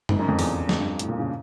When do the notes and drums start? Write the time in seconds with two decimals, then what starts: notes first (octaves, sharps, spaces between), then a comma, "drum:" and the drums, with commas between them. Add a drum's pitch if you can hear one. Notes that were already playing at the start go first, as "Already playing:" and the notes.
0.09 G#2, drum: tom F#2
0.19 F#2
0.28 F2
0.39 E2, drum: open hi-hat
0.69 F2, drum: snare
0.79 G2
0.99 A2, drum: hi-hat
1.09 A#2
1.19 C#3